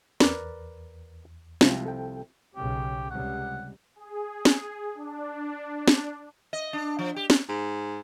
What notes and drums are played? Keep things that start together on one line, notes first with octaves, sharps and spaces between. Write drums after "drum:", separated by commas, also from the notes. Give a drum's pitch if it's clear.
E2 A#4 B4 D5, drum: snare
C2 C3 F3 G#3 F4, drum: snare
A4 G5
B1 C#3 G4
C#2 C3 G3 F#5
G#4
drum: snare
D4
D4
drum: snare
D#5
D4
F3
G4
drum: snare
G#2